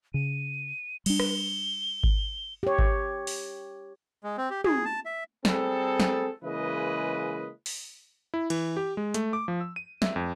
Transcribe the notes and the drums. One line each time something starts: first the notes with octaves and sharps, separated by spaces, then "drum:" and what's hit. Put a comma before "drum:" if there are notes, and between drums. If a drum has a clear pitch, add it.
C#3 D#7
G3 D4 G7, drum: cymbal
drum: rim click
drum: kick G#1
G4 C#5
drum: kick G#1
drum: open hi-hat
G#3
C4
G4
G#4, drum: tom
A5
E5
G3 C4 G#4 A4, drum: snare
drum: snare
C#3 E3 G#3 A#3 B4 D#5
drum: open hi-hat
E4
E3, drum: cymbal
G4
G#3
A3, drum: hi-hat
D6
F3
E6
D#7
E5, drum: snare
F2